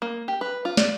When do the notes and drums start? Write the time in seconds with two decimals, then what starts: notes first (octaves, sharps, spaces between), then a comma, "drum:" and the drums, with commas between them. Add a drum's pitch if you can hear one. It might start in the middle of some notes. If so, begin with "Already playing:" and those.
0.02 A#3
0.28 G4
0.41 B4
0.65 F4
0.77 D5, drum: snare